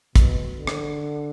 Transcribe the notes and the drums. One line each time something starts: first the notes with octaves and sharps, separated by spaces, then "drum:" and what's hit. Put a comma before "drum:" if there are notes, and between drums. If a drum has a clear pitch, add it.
B2, drum: kick, hi-hat
D3
drum: rim click